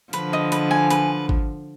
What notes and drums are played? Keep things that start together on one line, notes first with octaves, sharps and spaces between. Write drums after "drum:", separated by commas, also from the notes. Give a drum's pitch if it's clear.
D3 F3 B4, drum: hi-hat
D#5
B4, drum: hi-hat
G#5
B4, drum: hi-hat
drum: kick G#1